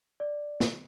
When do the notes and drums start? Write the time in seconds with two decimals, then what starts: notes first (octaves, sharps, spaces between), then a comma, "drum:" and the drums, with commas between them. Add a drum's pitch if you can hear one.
0.20 D5
0.60 drum: snare